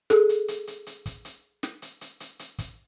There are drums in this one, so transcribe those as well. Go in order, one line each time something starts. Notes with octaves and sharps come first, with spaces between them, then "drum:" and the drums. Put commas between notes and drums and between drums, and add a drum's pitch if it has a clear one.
G#4 A4, drum: snare
drum: hi-hat
drum: hi-hat
drum: hi-hat
drum: hi-hat
drum: kick, hi-hat
drum: hi-hat
drum: snare
drum: hi-hat
drum: hi-hat
drum: hi-hat
drum: hi-hat
drum: kick, hi-hat